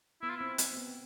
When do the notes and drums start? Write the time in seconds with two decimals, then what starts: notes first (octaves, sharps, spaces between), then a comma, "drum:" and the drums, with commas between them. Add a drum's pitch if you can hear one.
0.22 B3 E4
0.29 F4
0.37 C4 E4
0.58 C4, drum: hi-hat
0.77 B3